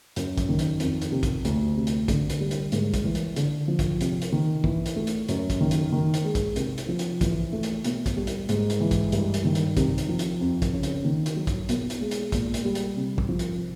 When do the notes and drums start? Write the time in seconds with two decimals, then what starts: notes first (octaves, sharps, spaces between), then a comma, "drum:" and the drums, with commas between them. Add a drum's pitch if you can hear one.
0.16 F#2, drum: hi-hat
0.38 drum: kick, hi-hat
0.49 D#3
0.59 drum: hi-hat
0.80 F2, drum: hi-hat
1.02 drum: hi-hat
1.12 C3
1.23 drum: kick, hi-hat
1.45 D2, drum: hi-hat
1.77 C3
1.87 drum: hi-hat
2.08 D3, drum: kick, hi-hat
2.30 drum: hi-hat
2.41 G3
2.51 drum: hi-hat
2.72 G#2, drum: hi-hat
2.94 drum: kick, hi-hat
3.04 E3
3.15 drum: hi-hat
3.36 D3, drum: hi-hat
3.68 F3
3.79 drum: kick, hi-hat
4.01 C3, drum: hi-hat
4.22 drum: hi-hat
4.32 D#3
4.64 E3, drum: kick
4.86 drum: hi-hat
4.96 A3
5.07 drum: hi-hat
5.28 F#2, drum: hi-hat
5.50 drum: kick, hi-hat
5.61 D#3
5.71 drum: hi-hat
5.92 D#3
6.14 drum: hi-hat
6.24 G#3
6.35 drum: kick, hi-hat
6.56 C3, drum: hi-hat
6.78 drum: hi-hat
6.88 F3
6.99 drum: hi-hat
7.21 E3, drum: kick, hi-hat
7.53 A3
7.63 drum: hi-hat
7.84 B2, drum: hi-hat
8.06 drum: kick, hi-hat
8.17 G3
8.27 drum: hi-hat
8.49 G#2, drum: hi-hat
8.70 drum: hi-hat
8.80 E3
8.91 drum: kick, hi-hat
9.12 G2, drum: hi-hat
9.34 drum: hi-hat
9.44 D#3
9.55 drum: hi-hat
9.77 C3, drum: kick, hi-hat
9.98 drum: hi-hat
10.09 F3
10.19 drum: hi-hat
10.41 F2
10.62 drum: kick, hi-hat
10.73 C#3
10.83 drum: hi-hat
11.05 D#3
11.26 drum: hi-hat
11.36 F#3
11.47 drum: kick, hi-hat
11.69 B2, drum: hi-hat
11.90 drum: hi-hat
12.01 G#3
12.11 drum: hi-hat
12.32 A#2, drum: kick, hi-hat
12.54 drum: hi-hat
12.65 G3
12.75 drum: hi-hat
12.97 C3
13.18 drum: kick
13.29 F3
13.39 drum: hi-hat